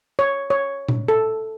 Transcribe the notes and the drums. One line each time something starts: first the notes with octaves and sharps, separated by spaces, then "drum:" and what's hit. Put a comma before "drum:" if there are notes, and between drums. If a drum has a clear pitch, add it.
C#5
C#5
drum: tom A#2
A4